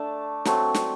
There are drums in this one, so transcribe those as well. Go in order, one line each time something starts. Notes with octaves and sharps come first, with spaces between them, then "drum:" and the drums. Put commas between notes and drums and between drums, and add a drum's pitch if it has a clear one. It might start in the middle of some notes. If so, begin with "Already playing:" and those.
Already playing: A3 D4 A5
F#3 A3 C4, drum: snare
drum: snare